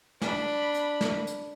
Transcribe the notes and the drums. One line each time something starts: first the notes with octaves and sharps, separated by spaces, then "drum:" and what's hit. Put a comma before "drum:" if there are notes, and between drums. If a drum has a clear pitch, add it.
D4 B5, drum: snare
drum: hi-hat
drum: snare
drum: hi-hat